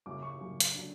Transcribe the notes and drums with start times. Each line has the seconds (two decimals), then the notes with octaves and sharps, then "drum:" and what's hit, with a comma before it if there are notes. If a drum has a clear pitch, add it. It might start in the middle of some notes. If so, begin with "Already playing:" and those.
0.06 F#2 C#3 F#3 D6
0.23 C#6
0.38 F#2 C#3 F#3
0.60 drum: hi-hat
0.74 D3 F#3